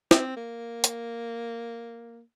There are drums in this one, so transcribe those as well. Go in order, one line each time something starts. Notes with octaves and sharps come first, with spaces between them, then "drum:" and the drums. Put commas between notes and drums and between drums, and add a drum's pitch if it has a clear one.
C4, drum: snare
A#3
drum: hi-hat